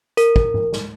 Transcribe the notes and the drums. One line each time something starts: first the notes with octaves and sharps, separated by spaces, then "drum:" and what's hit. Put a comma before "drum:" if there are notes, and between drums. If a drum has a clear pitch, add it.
A#4, drum: hi-hat
drum: kick
drum: tom G#2
drum: snare